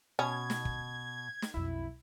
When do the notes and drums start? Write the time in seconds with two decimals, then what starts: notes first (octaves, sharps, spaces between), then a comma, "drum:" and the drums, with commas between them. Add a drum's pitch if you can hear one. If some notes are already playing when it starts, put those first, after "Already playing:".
0.19 B2 C#4 G#6
0.50 drum: snare
0.65 drum: kick
1.42 drum: snare
1.54 B1 F2 E4